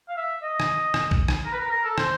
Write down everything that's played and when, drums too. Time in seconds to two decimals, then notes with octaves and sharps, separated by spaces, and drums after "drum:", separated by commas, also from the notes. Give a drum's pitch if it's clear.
0.09 F5
0.17 E5
0.42 D#5
0.60 drum: rim click
0.94 drum: rim click
1.11 drum: kick A#1
1.28 drum: rim click
1.45 A#4
1.52 B4
1.59 A#4
1.71 A#4
1.85 A4
1.98 C5, drum: rim click